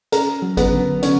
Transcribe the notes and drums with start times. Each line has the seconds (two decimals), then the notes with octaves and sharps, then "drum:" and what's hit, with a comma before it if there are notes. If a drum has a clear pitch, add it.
0.12 C#4 A#4, drum: hi-hat
0.42 F#3
0.57 B3, drum: kick G#1, hi-hat
0.72 D3
1.03 D3 C#4, drum: hi-hat